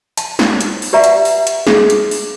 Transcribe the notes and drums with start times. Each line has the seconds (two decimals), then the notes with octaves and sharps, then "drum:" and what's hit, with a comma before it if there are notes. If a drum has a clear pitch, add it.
0.17 A5, drum: hi-hat
0.39 drum: snare
0.61 drum: hi-hat
0.82 drum: open hi-hat
0.93 G4 B4 D5 E5 F#5 A#5
1.04 drum: hi-hat
1.25 drum: open hi-hat
1.47 drum: hi-hat
1.67 G#4, drum: snare
1.90 drum: hi-hat
2.11 drum: open hi-hat